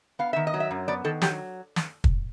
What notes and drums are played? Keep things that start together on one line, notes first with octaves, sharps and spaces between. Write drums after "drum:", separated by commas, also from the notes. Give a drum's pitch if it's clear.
B3 F5
D#3 E5
D#5
F#3
E5
F#2
B3 D5
D#3 A4
F#3 G4, drum: snare
drum: snare
drum: kick